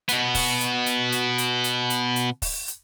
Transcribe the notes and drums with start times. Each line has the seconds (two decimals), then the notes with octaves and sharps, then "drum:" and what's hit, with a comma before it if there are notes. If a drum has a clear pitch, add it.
0.09 B2 B3, drum: hi-hat
0.35 drum: kick, open hi-hat
0.60 drum: hi-hat
0.86 drum: hi-hat
1.12 drum: hi-hat
1.38 drum: hi-hat
1.64 drum: hi-hat
1.90 drum: hi-hat
2.16 drum: hi-hat
2.42 drum: kick, open hi-hat
2.68 drum: hi-hat